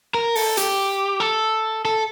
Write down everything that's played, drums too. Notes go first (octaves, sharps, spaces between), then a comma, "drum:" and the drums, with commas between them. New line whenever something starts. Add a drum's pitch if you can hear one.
A#4
A4, drum: open hi-hat
G4, drum: hi-hat
A4
A4